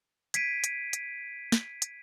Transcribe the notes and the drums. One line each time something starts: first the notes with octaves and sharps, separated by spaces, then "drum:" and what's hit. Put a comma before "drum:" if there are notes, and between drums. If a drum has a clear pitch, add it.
G#6 B6 C7 D7 D#7, drum: hi-hat
drum: hi-hat
drum: hi-hat
drum: snare
drum: hi-hat